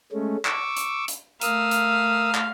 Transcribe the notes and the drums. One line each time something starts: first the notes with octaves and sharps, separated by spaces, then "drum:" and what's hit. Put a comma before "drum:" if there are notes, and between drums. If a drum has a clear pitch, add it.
G#3 A3 C#4
C#6 D6 E6, drum: clap
drum: hi-hat
drum: hi-hat
A3 A#4 F5 D#6 E6, drum: hi-hat
drum: hi-hat
drum: clap